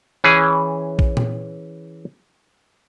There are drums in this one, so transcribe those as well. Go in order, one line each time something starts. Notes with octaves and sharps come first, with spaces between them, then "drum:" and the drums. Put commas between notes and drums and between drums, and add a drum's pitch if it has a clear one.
E3 C#4 G#4
drum: kick
drum: tom A#2